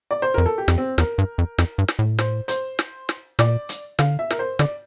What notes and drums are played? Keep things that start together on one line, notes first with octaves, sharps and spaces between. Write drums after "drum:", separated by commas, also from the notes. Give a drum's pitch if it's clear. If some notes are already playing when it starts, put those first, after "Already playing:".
D5
C5
F2 A#4
A4
G4
F2, drum: snare
C4
E2 A#4, drum: snare
G2
F2
F2, drum: snare
G2
drum: snare
A2
C5, drum: snare
C5, drum: hi-hat
drum: snare
drum: snare
A#2 D5, drum: snare
drum: hi-hat
D3 F5, drum: snare
E5
A#4, drum: snare
C5
D3 D5, drum: snare